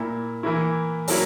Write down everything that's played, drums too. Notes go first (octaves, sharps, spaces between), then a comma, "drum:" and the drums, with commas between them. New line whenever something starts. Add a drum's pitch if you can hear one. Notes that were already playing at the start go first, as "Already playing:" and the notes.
Already playing: A#2 A#3 E4
E3 A#3 E4
F#3 A#3 E4, drum: open hi-hat